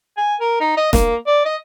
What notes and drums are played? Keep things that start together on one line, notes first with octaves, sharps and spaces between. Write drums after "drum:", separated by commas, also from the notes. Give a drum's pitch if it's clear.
G#5
A#4
D#4
D#5
A#3, drum: snare E1
D5
D#5